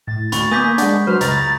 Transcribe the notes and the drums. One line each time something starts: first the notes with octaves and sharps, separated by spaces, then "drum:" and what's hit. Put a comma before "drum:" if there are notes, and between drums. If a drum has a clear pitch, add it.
A2 A6
D2 B5 C#6, drum: hi-hat
A#3 B3 G#5 D6 D#6 G6 A#6 B6
G#3 D4 F#5, drum: hi-hat
F#3 B4 C5 F6
C#2 A#5 B5 A6, drum: hi-hat